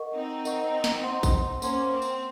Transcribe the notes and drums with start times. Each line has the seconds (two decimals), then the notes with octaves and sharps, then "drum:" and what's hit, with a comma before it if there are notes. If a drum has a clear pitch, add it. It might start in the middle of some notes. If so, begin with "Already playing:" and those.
Already playing: A#4 D#5 F#5 C#6
0.15 C4 D#4
0.45 A#4 D#5 F#5 C#6, drum: tambourine
0.84 drum: snare
1.03 C5 F#5 C6
1.23 drum: kick A#1, tambourine
1.62 A#3 C#4 C5 F#5 C6, drum: tambourine
1.92 C4
2.02 drum: tambourine